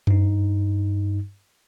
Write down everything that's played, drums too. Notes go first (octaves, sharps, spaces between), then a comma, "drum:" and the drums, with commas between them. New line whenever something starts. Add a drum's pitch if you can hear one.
G2 D#4, drum: tom F#2